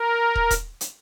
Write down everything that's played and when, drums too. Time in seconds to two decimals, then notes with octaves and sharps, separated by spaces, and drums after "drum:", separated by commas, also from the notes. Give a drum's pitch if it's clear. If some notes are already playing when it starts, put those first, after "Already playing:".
Already playing: A#4
0.35 drum: kick
0.51 drum: kick, hi-hat
0.81 drum: hi-hat